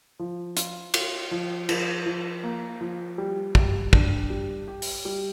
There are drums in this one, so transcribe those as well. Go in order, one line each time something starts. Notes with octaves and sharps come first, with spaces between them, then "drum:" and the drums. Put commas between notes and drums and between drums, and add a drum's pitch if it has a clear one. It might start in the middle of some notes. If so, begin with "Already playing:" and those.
F3
F4, drum: hi-hat
F4, drum: cymbal
F3
F3, drum: cymbal
F3
A#3
F3
G3
G3, drum: kick
D4, drum: kick
G3
G4
drum: open hi-hat
G3